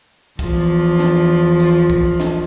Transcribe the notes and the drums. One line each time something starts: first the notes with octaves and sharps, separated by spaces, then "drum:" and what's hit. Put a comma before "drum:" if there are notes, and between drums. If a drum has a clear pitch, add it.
E2 F3, drum: kick, hi-hat
drum: snare
drum: hi-hat
drum: kick
drum: snare